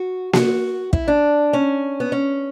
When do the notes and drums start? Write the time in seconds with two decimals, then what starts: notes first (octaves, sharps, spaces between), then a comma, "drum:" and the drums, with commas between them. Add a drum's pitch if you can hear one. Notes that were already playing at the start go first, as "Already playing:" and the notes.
Already playing: F#4
0.33 F#4, drum: snare A#3
0.93 E4, drum: kick
1.08 D4
1.53 C#4
2.00 B3
2.12 C#4